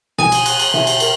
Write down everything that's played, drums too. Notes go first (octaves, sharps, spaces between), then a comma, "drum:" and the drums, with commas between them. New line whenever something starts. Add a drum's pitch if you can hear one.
G#5 D#6, drum: tom B2
drum: cymbal
F#6, drum: cymbal
drum: cymbal
E5, drum: tom B2
drum: cymbal
A#4, drum: cymbal